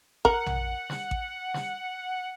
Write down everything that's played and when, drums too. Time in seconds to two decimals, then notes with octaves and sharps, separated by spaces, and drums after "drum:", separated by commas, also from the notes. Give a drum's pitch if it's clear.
0.25 A#4 F#5, drum: kick A1
0.46 drum: tom A#1
0.90 drum: snare
1.11 drum: kick A1
1.54 drum: snare